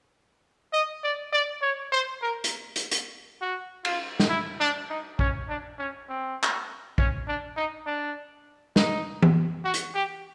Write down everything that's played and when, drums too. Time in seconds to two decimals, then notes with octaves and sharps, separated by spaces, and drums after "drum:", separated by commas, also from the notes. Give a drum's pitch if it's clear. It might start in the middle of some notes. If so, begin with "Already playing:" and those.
0.73 D#5
1.04 D5
1.32 D5
1.62 C#5
1.92 C5
2.22 A#4
2.44 drum: hi-hat
2.76 drum: hi-hat
2.91 drum: hi-hat
3.41 F#4
3.85 F4, drum: cymbal
4.20 drum: snare
4.29 E4
4.60 D4
4.90 D#4
5.19 C#4, drum: kick
5.49 D4
5.78 C#4
6.09 C4
6.43 drum: clap
6.98 C#4, drum: kick
7.28 D4
7.56 D#4
7.87 D4
8.76 D#4, drum: snare
9.22 drum: tom E3
9.64 F#4
9.74 drum: hi-hat
9.94 G4